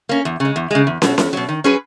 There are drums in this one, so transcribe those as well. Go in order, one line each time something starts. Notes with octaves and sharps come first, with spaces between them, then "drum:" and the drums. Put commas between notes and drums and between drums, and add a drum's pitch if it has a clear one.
A#3 C#4
E2
C#3 G#3
E2
C#3 G#3
E2
B2 F#3, drum: snare
E2, drum: snare
B2 F#3
D#3
F#3 C#4 G#4 B4